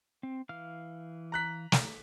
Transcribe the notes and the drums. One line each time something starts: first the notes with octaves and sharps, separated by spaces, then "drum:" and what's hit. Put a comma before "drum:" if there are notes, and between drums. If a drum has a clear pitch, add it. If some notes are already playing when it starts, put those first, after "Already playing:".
C4
E3 F5 F6
A#5 F#6 B6
drum: snare